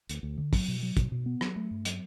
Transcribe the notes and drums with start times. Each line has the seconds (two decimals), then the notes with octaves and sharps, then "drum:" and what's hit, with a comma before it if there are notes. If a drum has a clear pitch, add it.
0.09 D2, drum: hi-hat
0.23 D2
0.38 D3
0.53 F#3, drum: kick, open hi-hat
0.68 B2
0.82 F#3
0.97 B2, drum: kick, hi-hat
1.12 B2
1.26 B3
1.41 F#3, drum: rim click
1.56 A3
1.71 G2
1.85 F#3, drum: hi-hat